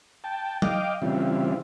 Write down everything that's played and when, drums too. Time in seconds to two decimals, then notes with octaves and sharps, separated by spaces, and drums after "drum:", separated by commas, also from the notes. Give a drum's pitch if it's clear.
0.24 G5 A5
0.62 D#5 F5 G5 D6, drum: tom
1.02 C#3 E3 G3 C4 E4 F4